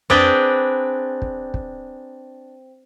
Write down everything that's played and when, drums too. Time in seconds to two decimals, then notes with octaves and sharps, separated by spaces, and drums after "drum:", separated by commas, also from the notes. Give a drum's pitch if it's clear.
0.10 C4 D4 G#4 B4 D5 G5, drum: tom F2
1.22 drum: kick
1.54 drum: kick